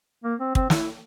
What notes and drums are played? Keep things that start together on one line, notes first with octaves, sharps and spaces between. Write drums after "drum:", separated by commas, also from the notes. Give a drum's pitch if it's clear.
A#3
C4
C4, drum: kick
E4, drum: snare